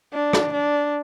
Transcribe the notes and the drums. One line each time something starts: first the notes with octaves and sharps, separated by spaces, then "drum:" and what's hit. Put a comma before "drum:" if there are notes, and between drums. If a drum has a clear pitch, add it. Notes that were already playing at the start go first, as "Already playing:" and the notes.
D4
drum: rim click
D4